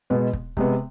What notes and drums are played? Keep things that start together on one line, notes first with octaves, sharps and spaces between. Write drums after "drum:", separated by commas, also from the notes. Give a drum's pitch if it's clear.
B2 G#3 B3
drum: kick
C3 G#3 B3, drum: kick